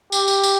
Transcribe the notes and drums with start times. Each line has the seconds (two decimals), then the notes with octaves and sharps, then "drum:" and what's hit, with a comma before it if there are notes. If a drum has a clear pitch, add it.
0.12 G4, drum: tambourine
0.28 drum: tambourine
0.43 drum: tambourine